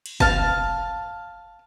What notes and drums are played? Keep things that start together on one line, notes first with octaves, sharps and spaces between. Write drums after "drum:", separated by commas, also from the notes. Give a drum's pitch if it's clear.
drum: cymbal
F5 A5, drum: kick